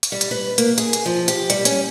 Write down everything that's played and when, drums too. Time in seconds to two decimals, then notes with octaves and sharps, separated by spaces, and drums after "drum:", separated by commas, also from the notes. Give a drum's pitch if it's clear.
0.03 drum: hi-hat
0.12 G3
0.21 drum: hi-hat
0.31 B4
0.58 A#3, drum: hi-hat
0.78 G#4, drum: hi-hat
0.93 drum: hi-hat
1.06 F3
1.28 G4, drum: hi-hat
1.50 G3, drum: hi-hat
1.65 C#4, drum: hi-hat